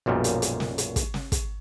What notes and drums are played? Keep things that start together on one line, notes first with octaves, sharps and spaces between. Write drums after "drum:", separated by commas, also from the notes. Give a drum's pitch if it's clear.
B1 F#2 A#2 F3 G3
drum: hi-hat
drum: hi-hat
drum: snare
drum: hi-hat
drum: kick, hi-hat
drum: snare
drum: kick, hi-hat